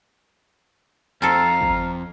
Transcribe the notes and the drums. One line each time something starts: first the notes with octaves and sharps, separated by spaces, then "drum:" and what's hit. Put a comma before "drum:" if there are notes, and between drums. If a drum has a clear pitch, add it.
F2 C4 A4 F5 A#5
drum: kick